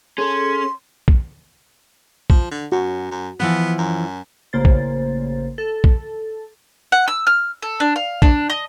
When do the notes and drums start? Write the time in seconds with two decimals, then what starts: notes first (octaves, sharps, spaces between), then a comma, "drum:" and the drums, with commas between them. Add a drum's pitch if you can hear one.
0.18 C#4 G#4 A4 C6
1.08 drum: kick A#1
2.30 F3, drum: kick A#1
2.51 D3
2.72 F#2 F#4
3.11 F#2
3.40 E3 F3 B3 F#5
3.78 F#2
4.53 A1 C#3 A#3 C5 A6
4.65 drum: kick A#1
5.58 A4
5.84 drum: kick A#1
6.92 F#5
7.08 E6
7.27 F6
7.62 A4
7.80 D4
7.96 F5
8.22 D4, drum: kick A#1
8.50 D#5